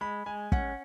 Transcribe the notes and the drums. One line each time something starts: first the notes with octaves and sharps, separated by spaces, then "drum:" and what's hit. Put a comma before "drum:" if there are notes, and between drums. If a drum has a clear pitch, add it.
G#3 B5
G#3 G#5
C#4 F#5, drum: kick